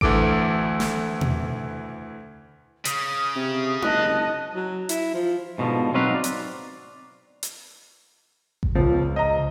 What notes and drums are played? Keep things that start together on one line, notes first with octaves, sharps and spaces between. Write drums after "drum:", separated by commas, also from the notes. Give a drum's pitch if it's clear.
D2 E3 A4 D6 D7, drum: kick A1
drum: snare
drum: tom B2
C#3 D#6, drum: hi-hat
C3
F#1 D#5 A5 F#6, drum: tom D#4
F#3
E4, drum: hi-hat
F3
G#2 B2 D3 D#3 F3
F#3 C4 D#4 F#4 B4 F5
D5
drum: hi-hat
drum: hi-hat
drum: kick A1
C#2 C#3 F3
D#5 A#5